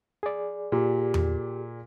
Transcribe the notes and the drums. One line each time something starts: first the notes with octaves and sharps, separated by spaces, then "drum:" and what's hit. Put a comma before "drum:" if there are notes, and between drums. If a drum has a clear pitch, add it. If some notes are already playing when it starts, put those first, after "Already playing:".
G#4 D5
A#2 G4
drum: tom E2